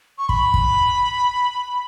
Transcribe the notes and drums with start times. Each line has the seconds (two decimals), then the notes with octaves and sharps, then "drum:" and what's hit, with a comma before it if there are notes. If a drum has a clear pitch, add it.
0.18 C#6
0.29 B5, drum: kick
0.54 drum: kick